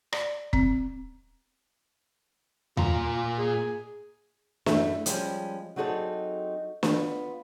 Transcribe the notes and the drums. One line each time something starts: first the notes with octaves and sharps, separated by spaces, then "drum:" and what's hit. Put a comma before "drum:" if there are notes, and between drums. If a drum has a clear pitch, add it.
D5, drum: rim click
C4, drum: kick E1
A#2 F4 A#5, drum: tom D#2
G#4
F#2 A3 E4 G#4 E5, drum: snare
F3 G3 G#3 C#4, drum: hi-hat
F#3 C4 D#4 G#4 A4 D5
B3 F4, drum: snare